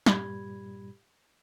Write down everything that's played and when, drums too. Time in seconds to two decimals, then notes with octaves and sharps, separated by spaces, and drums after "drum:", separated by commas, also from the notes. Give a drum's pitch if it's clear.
0.06 G2 A#2 G3 G4 B5 G#6, drum: snare